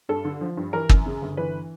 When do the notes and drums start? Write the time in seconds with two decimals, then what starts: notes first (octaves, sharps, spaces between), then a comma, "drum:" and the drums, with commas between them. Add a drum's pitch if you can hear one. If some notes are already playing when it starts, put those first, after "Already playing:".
0.09 G2 A4
0.25 D3
0.41 F3
0.57 G2
0.73 E3 A#4
0.89 F#2, drum: kick
1.06 C#3
1.22 G1
1.37 E3 B4